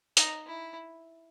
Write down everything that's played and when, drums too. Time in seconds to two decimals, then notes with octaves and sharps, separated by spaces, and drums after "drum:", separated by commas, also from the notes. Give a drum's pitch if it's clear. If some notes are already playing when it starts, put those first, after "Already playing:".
0.17 D#4, drum: hi-hat
0.47 E4